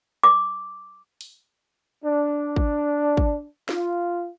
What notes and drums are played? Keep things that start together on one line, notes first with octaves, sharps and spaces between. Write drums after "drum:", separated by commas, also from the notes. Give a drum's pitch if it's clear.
D6
drum: open hi-hat
D4
drum: kick
drum: kick
F4, drum: snare